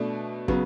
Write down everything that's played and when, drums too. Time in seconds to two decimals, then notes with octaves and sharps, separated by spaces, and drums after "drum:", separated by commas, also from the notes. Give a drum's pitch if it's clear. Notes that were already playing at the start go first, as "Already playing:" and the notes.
Already playing: B2 A3 D4
0.48 C#3 F#3 B3 F#4, drum: kick